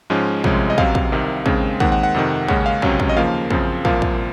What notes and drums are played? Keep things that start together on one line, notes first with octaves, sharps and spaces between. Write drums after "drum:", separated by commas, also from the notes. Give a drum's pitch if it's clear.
G#2 F3 G#3 C#4
C2 C3 F3 G#3 C#4, drum: kick
D#5
C#2 C3 F#3 F5, drum: kick
drum: kick
C2 C3 D#3
D#2 C#3 G#3 C4, drum: kick
D#2 D#3 G#3 C4 F#5, drum: kick
F#5
F#5
F2 C3 D#3
D#2 C#3 G#3 C#4 F#5, drum: kick
F5
C#2 C3 F#3 C#4, drum: kick
drum: kick
D#5
D#2 C#3 F3 A#3 F5
F#2 C#3 F3 C4, drum: kick
C2 A#2 F3 A#3 F5, drum: kick
drum: kick